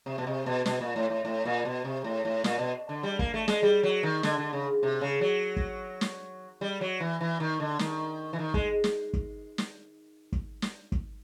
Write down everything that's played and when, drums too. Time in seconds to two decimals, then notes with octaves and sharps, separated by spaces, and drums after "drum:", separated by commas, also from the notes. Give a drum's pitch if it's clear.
0.06 C3
0.18 B2
0.27 C3
0.46 B2
0.66 B2, drum: snare
0.81 A#2
0.96 A2
1.10 A2
1.25 A2
1.45 A#2
1.65 B2
1.84 C3
2.04 A2
2.25 A2
2.44 A#2, drum: snare
2.59 B2
2.89 D3
3.03 G3
3.19 A#3, drum: kick
3.34 A3
3.48 G#3, drum: snare
3.63 G3
3.83 F#3
4.03 D#3
4.23 D3, drum: snare
4.38 D3
4.53 C#3
4.83 C3
5.01 C#3
5.21 F#3
5.56 drum: kick
6.01 drum: snare
6.61 G3
6.81 F#3
7.00 E3
7.21 E3
7.40 D#3
7.60 D3
7.79 D#3, drum: snare
8.33 E3
8.39 D#3
8.54 G#3, drum: kick
8.84 drum: snare
9.13 drum: kick
9.58 drum: snare
10.32 drum: kick
10.62 drum: snare
10.92 drum: kick